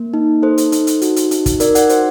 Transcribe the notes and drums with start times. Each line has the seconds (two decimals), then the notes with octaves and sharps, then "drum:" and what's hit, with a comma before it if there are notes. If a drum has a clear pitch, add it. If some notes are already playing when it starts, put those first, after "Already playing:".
Already playing: A#3
0.14 D#4
0.43 A4 C5
0.58 drum: hi-hat
0.72 D#4, drum: hi-hat
0.87 drum: hi-hat
1.02 F#4, drum: hi-hat
1.16 drum: hi-hat
1.31 D#4, drum: hi-hat
1.46 drum: kick, hi-hat
1.60 D#4 A#4 D5, drum: hi-hat
1.75 D5 F#5, drum: hi-hat
1.89 F#4 C5, drum: hi-hat